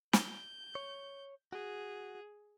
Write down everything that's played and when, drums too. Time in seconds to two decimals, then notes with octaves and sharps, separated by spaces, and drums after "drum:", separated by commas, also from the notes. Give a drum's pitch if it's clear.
0.13 G6, drum: snare
0.75 C#5
1.53 F#4 G#4